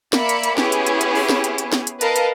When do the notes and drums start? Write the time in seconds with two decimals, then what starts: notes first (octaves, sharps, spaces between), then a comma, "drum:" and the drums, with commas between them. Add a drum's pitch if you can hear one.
0.13 A#3 D5 E5 B5 C#7, drum: snare
0.29 drum: hi-hat
0.43 drum: hi-hat
0.58 B3 C#4 E4 G4 G#4 C#5, drum: snare
0.72 drum: hi-hat
0.86 drum: hi-hat
1.01 drum: hi-hat
1.15 drum: open hi-hat
1.30 drum: snare
1.44 drum: hi-hat
1.58 drum: hi-hat
1.73 drum: snare
1.87 drum: hi-hat
2.01 A#4 B4 D#5 F5 A5, drum: hi-hat
2.16 drum: hi-hat